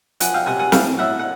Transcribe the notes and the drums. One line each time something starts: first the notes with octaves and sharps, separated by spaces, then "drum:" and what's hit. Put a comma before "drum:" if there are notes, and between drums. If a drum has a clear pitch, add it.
F3 F#5 G#5, drum: hi-hat
F5 G5
C3 F#5 G#5
F#5 G#5
A2 F5 G5, drum: snare
A2 E5 F#5
F#5